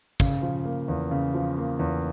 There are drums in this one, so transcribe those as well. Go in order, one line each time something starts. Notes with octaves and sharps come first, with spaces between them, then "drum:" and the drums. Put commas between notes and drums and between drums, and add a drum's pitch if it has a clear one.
C#3, drum: kick, tambourine
F3
A#3
E2
C#3
F3
A#3
E2